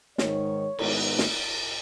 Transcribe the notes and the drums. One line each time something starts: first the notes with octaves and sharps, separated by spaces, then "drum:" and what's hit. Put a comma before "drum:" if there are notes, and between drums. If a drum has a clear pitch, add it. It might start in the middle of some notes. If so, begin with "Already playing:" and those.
G#2 D#3 G#3 C#5, drum: snare
G#2 D#3 G#3 B3 D#4, drum: cymbal
drum: snare